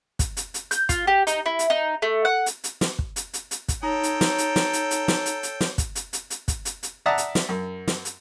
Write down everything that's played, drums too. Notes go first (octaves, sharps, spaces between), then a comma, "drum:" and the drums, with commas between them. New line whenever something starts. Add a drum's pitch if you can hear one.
drum: kick, hi-hat
drum: hi-hat
drum: hi-hat
G6, drum: hi-hat
F4, drum: kick, hi-hat
G4
D#4, drum: hi-hat
E4
drum: hi-hat
D#4
A3
F#5
drum: hi-hat
drum: hi-hat
drum: snare
drum: kick
drum: hi-hat
drum: hi-hat
drum: hi-hat
drum: kick, hi-hat
D#4 A4 C#5 G5 A#5
drum: hi-hat
drum: snare
drum: hi-hat
drum: snare
drum: hi-hat
drum: hi-hat
drum: snare
drum: hi-hat
drum: hi-hat
drum: snare
drum: kick, hi-hat
drum: hi-hat
drum: hi-hat
drum: hi-hat
drum: kick, hi-hat
drum: hi-hat
drum: hi-hat
D5 E5 F#5 A5 A#5 D#6
drum: hi-hat
drum: snare
F#2
drum: snare
drum: hi-hat